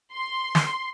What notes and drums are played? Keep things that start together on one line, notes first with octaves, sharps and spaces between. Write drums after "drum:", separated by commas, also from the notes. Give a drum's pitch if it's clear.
C6
drum: snare